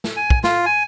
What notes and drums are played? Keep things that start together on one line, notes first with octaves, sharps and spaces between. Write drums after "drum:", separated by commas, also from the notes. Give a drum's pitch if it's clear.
drum: snare
G#5
drum: kick
F4, drum: snare
G#5